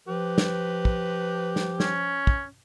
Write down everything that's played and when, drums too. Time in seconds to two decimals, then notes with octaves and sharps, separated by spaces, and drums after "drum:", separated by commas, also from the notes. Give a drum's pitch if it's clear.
0.08 F3 G4 B4
0.38 drum: snare
0.85 drum: kick
1.56 drum: snare
1.80 C#4, drum: snare
2.27 drum: kick